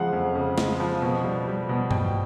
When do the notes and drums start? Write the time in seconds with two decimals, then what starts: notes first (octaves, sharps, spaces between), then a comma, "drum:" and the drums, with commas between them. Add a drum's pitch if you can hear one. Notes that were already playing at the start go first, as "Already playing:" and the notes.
Already playing: F2 C#3 F3 G#3 F5 F#5
0.13 F2
0.35 C#3
0.58 G#3, drum: snare
0.80 F3
1.02 B2
1.24 G3
1.47 G3
1.69 B2
1.91 B2 G5, drum: tom G2